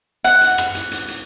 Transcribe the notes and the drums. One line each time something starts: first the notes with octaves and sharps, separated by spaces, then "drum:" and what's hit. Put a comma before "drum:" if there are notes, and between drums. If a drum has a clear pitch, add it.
F#5, drum: hi-hat
drum: hi-hat
drum: rim click
drum: hi-hat
drum: hi-hat
drum: hi-hat